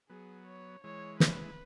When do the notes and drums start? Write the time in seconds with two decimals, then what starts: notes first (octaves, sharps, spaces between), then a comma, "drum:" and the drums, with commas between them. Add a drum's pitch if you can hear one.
0.09 F#3 B3 G#4
0.47 C#5
0.84 E3 G#3 C#5
1.20 B4, drum: snare